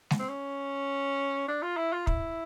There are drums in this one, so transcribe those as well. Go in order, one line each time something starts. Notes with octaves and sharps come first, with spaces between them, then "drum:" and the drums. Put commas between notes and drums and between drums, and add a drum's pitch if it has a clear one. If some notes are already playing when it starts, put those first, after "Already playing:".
drum: snare G#3
C4
C#4
D4
F4
E4
F4
E4, drum: kick